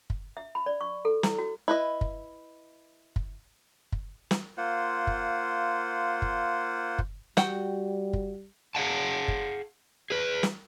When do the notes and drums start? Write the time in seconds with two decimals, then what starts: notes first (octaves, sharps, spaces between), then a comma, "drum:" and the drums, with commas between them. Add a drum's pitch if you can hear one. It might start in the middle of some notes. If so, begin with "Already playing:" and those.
0.10 drum: kick
0.37 E5
0.55 B5
0.66 D5
0.81 C#6
1.05 A4
1.23 E4, drum: snare
1.39 F#4
1.68 E4 B4 D#5
2.01 drum: kick
3.16 drum: kick
3.92 drum: kick
4.31 drum: snare
4.57 A#3 F4 C5 F#5
5.07 drum: kick
6.22 drum: kick
6.99 drum: kick
7.37 G3 F#4 G5, drum: snare
8.13 drum: kick
8.75 G#4 F5 F#5 A5
9.28 drum: kick
10.10 G#4 B4
10.43 drum: snare